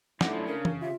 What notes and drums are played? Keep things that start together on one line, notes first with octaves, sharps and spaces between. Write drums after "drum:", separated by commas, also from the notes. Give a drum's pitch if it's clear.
G2 D3 A3 D#4 E4 F#5 D6, drum: snare
F#2 F3 C#4
C#3 D4 A#4
F#2 F5, drum: tom
C3 F4 G4 E5